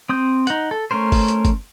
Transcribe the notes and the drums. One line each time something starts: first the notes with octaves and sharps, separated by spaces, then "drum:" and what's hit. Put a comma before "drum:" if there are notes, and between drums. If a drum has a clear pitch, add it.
C4 D#6 G6
D#4 F#5, drum: hi-hat
A4
A3 C#4 A#4 C5
drum: kick G1, open hi-hat
drum: hi-hat
drum: kick G1, hi-hat